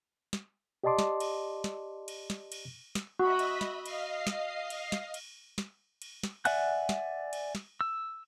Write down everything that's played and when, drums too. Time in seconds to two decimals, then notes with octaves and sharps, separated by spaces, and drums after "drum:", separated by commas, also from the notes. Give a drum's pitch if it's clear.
0.33 drum: snare
0.84 G4 D5 D#5 A5 C6 D6
0.99 drum: snare
1.20 drum: cymbal
1.64 drum: snare
2.08 drum: cymbal
2.30 drum: snare
2.52 drum: cymbal
2.95 drum: snare
3.20 F#4 D#5 E5 B5
3.39 drum: cymbal
3.61 drum: snare
3.86 D#5 F5 C7, drum: cymbal
4.27 drum: snare
4.70 drum: cymbal
4.92 drum: snare
5.14 drum: cymbal
5.58 drum: snare
6.02 drum: cymbal
6.23 drum: snare
6.45 D5 E5 F#5 G#5 F#6, drum: cymbal
6.89 drum: snare
7.33 drum: cymbal
7.55 drum: snare
7.81 E6